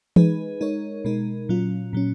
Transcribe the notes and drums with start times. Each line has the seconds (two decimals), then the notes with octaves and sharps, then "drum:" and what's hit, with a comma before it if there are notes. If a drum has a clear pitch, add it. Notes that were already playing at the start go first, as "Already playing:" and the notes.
0.16 G#3 D#4 G#4 B4, drum: tom E3
0.61 G#3 D#4 A#4 C#5
1.05 B2 G#3 D#4 A#4
1.49 A#2 F#3 C#4 F4
1.93 A#2 F#3 C#4